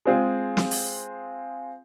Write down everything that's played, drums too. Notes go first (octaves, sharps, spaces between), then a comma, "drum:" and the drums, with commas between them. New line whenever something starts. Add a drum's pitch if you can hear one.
G#3 C4 F4 G#4
drum: snare
drum: open hi-hat